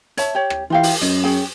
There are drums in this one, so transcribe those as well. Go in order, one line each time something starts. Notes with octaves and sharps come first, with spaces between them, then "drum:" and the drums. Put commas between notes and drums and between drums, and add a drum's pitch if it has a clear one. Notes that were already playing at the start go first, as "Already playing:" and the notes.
C#5 E5 A5, drum: hi-hat
G4 C#5
drum: rim click
E3 F4 G4 F5
drum: open hi-hat
F#2 D#5, drum: hi-hat
C#4 G#4 G5